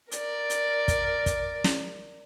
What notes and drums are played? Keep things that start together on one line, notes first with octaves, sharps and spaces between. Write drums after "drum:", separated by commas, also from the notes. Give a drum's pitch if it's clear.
A#4 D5, drum: hi-hat
drum: hi-hat
drum: kick, hi-hat
drum: kick, hi-hat
drum: snare